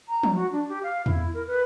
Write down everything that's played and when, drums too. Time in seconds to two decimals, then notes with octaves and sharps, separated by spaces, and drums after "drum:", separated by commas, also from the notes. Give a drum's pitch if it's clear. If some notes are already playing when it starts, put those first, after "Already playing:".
0.08 A#5
0.23 drum: tom F3
0.35 F#4
0.52 D4
0.69 G4
0.83 F5
1.06 E4, drum: tom E2
1.34 A#4
1.47 B4